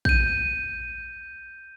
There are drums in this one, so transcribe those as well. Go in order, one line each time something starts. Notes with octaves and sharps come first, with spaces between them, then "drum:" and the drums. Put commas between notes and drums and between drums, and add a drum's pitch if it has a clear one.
G6 D#7, drum: kick